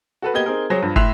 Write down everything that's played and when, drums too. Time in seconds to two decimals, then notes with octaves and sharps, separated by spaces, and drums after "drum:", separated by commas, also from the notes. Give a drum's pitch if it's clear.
0.22 F#4 A4 B4
0.34 A#3 B3 G4 D#5 G#6 G7
0.46 C4 D#4 G#4 A#4
0.70 F#3 G#4 C5 C#5 A#6
0.82 G2 F3
0.96 A2 E5 C6 F#6 C7 F7, drum: kick